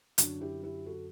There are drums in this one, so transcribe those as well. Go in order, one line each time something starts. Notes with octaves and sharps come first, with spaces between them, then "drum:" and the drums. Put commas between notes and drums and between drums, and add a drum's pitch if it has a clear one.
F#2 D3 D4 F#4, drum: hi-hat
E4 G4
E4 G4
F#4 A4